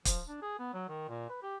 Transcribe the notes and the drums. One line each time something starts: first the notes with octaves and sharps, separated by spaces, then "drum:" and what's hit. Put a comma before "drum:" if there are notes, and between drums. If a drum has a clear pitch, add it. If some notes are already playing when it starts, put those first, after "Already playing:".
F3, drum: kick, hi-hat
D4
G#4
B3
F#3
D#3
A#2
B4
G4